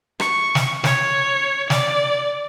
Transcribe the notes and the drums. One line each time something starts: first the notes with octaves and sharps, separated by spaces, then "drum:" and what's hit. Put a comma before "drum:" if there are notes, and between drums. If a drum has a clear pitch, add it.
C#6, drum: rim click
drum: snare
C#5, drum: snare
D5, drum: snare